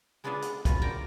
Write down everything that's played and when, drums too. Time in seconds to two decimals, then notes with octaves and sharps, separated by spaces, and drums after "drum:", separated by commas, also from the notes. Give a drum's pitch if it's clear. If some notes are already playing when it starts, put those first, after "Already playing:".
0.24 G#3 B3 D4 F4 G#4 A4
0.42 drum: hi-hat
0.65 C#4 F4 F#4 B4, drum: kick, hi-hat
0.82 D3 A#4 D5 G5 A#5